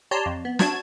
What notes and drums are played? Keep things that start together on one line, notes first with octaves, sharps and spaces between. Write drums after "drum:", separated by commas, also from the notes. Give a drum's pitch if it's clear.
G4 C#5 D5 A5 A#5 C6
F2
B3
D4 F#4 A5 G#6, drum: snare